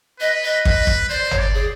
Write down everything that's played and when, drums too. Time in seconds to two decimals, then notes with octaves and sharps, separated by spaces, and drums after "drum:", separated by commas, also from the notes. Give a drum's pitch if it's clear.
0.20 B4 D#5
0.44 D#5
0.65 B4, drum: kick
0.87 drum: kick
1.09 C5 D5
1.24 D5
1.31 C#5, drum: tom
1.39 D5
1.54 G#4